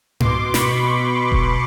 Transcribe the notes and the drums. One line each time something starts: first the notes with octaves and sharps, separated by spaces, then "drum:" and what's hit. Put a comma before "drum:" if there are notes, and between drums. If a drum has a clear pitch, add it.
B2 C6 D6, drum: tom G#2
B5 C#6, drum: snare
drum: kick E1